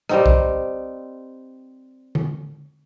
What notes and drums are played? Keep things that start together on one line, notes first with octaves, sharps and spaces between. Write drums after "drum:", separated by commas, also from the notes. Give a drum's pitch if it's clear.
G3 C4 D#4, drum: rim click
drum: kick B1
drum: tom